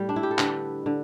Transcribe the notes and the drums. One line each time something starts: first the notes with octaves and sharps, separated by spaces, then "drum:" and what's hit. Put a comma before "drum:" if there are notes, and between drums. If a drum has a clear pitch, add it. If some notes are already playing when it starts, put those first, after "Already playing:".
Already playing: A2 G3
D4
E4
G4
A4
D3 B4, drum: clap
D3